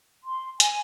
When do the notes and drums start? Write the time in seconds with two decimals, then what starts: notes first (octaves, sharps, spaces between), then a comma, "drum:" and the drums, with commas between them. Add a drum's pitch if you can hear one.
0.24 C6
0.60 G#5, drum: hi-hat